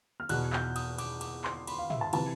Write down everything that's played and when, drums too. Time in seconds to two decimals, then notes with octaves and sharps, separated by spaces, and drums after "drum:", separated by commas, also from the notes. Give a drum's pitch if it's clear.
0.20 F6
0.29 E2 B2 F#6, drum: cymbal
0.53 G6, drum: clap
0.76 D#6, drum: cymbal
0.98 D6, drum: cymbal
1.21 D6, drum: cymbal
1.44 C6, drum: clap
1.67 B5, drum: cymbal
1.78 F5
1.90 E5, drum: tom
2.01 A5
2.13 C3 E3 A5, drum: cymbal